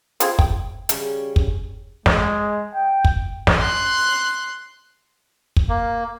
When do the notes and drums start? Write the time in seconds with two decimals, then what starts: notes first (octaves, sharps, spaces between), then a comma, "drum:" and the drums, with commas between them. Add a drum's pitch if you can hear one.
0.20 C4 F4 G#4, drum: hi-hat
0.39 G5, drum: kick
0.89 C#3 G3 C#4, drum: hi-hat
1.36 drum: kick
2.06 G#3, drum: snare
2.75 G5
3.05 drum: kick
3.47 drum: snare
3.58 C6 F#6
5.56 drum: kick
5.69 A#3